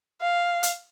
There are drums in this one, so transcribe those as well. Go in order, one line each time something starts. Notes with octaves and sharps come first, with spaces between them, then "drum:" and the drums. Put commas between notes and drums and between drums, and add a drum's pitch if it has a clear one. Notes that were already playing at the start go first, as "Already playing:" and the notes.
F5
drum: hi-hat